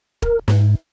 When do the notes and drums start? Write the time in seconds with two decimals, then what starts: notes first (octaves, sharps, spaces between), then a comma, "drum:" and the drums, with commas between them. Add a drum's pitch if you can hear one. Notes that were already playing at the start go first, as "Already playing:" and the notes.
0.22 A#4, drum: kick
0.48 G#2, drum: snare